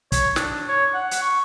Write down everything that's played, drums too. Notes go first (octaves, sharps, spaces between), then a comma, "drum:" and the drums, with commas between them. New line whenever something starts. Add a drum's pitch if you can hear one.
C#5, drum: kick, hi-hat
D4, drum: snare
C#5
F#5
drum: hi-hat
C#6